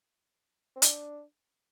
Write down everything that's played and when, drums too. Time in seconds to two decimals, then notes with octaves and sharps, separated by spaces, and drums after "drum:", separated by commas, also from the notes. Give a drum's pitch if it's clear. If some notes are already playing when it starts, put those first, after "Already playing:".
0.76 C4
0.82 D4, drum: hi-hat